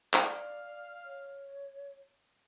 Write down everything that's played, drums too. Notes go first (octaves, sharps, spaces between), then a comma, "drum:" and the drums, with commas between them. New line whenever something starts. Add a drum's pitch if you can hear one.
D5 F5, drum: clap
C#5